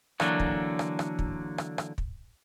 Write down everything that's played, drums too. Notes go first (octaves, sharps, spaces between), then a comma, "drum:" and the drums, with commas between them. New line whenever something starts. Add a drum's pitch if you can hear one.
D3 E3 F#3 A#3 D4 F#4, drum: rim click
drum: kick
drum: rim click
drum: rim click
drum: kick
drum: rim click
drum: rim click
drum: kick